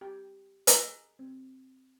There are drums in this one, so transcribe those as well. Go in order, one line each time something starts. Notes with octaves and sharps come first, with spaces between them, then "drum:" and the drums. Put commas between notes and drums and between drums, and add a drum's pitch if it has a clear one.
G4 G5
G#4 A#4 D#5 F#5 A#5, drum: hi-hat
C4